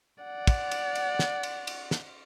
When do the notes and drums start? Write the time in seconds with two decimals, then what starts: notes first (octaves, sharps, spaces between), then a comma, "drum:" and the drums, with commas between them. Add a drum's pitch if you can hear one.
0.23 D5 F#5
0.47 drum: kick, cymbal
0.71 drum: cymbal
0.95 drum: cymbal
1.19 drum: snare
1.43 drum: cymbal
1.67 drum: cymbal
1.91 drum: snare